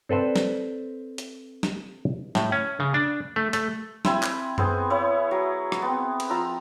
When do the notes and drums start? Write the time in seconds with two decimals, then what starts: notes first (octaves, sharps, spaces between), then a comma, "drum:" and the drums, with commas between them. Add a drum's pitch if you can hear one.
0.09 C4 A4 B4 C5 D5
0.36 drum: snare
1.18 drum: hi-hat
1.63 drum: snare
2.35 A2, drum: snare
2.52 C#4
2.80 C#3
2.94 D4
3.36 A3
3.53 A3, drum: hi-hat
4.05 C4 E4 G#5 B5, drum: snare
4.23 drum: clap
4.58 B3 C4 G#4 C5, drum: tom F#2
4.90 E4 C#5 F5 B5
5.31 F#3
5.72 drum: rim click
5.82 B3 C4
6.20 drum: cymbal
6.30 F3 F4 A#5 E6